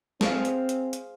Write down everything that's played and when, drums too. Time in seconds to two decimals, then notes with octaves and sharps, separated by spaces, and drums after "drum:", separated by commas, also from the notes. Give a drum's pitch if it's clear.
0.21 C4 G#4 C5 F5, drum: snare
0.45 drum: hi-hat
0.69 drum: hi-hat
0.93 drum: hi-hat